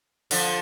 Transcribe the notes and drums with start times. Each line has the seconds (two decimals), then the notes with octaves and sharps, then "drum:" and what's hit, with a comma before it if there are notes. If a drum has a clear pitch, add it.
0.31 D3 F3, drum: open hi-hat